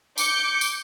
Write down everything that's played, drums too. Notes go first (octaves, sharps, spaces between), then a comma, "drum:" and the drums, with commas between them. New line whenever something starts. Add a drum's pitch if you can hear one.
D6 G6 C#7, drum: tambourine
drum: tambourine